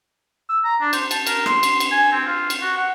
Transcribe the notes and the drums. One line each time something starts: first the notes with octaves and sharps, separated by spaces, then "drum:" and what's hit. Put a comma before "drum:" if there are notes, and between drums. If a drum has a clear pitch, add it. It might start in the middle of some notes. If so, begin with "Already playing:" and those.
E6
A#5
D4
C5, drum: cymbal
A5, drum: cymbal
A#4, drum: cymbal
C6, drum: rim click
drum: cymbal
drum: cymbal
G#5
C4
F4
drum: cymbal
F#4
F#5